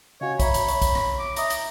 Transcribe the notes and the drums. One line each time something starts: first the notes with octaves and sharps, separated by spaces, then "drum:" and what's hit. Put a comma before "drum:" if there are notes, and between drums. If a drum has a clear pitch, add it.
C#3 F#4 C#5 D#5 F5 G#5
C#5 E5 A#5 B5 C#6, drum: kick, hi-hat
drum: hi-hat
C#5, drum: hi-hat
drum: kick, hi-hat
drum: rim click
D6
D#5 E5 A#5 D#6, drum: hi-hat
drum: hi-hat